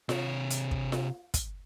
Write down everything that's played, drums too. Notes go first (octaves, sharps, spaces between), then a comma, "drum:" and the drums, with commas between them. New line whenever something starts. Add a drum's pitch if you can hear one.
C3 C#5, drum: snare F4
drum: hi-hat
drum: kick
drum: snare F4
drum: kick, hi-hat